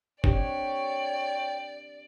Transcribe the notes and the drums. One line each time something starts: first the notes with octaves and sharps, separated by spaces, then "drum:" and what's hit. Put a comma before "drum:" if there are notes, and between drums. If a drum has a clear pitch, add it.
C4 D4 G4 C#5 D5 G5, drum: kick F1